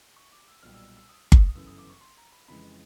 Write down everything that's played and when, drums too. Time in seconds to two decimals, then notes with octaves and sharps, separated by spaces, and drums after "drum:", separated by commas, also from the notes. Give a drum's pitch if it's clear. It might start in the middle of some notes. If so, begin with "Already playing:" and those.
0.16 C#6
0.32 D6
0.48 E6
0.63 B1 A#2 G3 F6
0.74 E6
0.97 E6
1.09 D#6
1.32 D#6, drum: kick G1
1.49 D#6
1.55 G1 F#2 C#3 E3 A3 E6
1.67 D#6
1.78 D6
1.90 C#6
2.01 C6
2.17 A#5
2.32 B5
2.48 F2 C#3 E3 G#3 B5